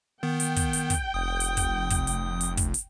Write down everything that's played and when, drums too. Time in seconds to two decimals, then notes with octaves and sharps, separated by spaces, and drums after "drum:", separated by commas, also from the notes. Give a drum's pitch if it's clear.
0.23 D#3 B3 G5
0.40 drum: hi-hat
0.56 drum: kick, hi-hat
0.73 drum: hi-hat
0.90 drum: kick, hi-hat
1.14 F1 D#6
1.40 drum: hi-hat
1.57 drum: kick, hi-hat
1.90 drum: kick, hi-hat
2.07 drum: hi-hat
2.41 drum: hi-hat
2.57 drum: kick, hi-hat
2.74 drum: hi-hat